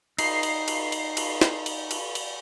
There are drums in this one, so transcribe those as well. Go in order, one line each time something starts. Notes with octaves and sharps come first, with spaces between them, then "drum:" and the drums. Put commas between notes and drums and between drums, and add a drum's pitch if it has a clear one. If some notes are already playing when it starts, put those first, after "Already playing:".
D#4 C7, drum: cymbal
drum: cymbal
drum: cymbal
drum: cymbal
drum: cymbal
drum: snare
drum: cymbal
drum: cymbal
drum: cymbal